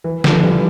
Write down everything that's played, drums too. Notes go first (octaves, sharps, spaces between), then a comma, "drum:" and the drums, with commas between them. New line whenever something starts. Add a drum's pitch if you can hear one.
E3
D3 F3, drum: snare
E3 G3